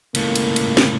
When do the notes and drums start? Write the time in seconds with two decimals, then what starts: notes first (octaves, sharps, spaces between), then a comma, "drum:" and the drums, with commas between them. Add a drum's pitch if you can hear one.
0.15 C#2 A2 A#3, drum: cymbal
0.36 drum: cymbal
0.56 drum: cymbal
0.77 drum: snare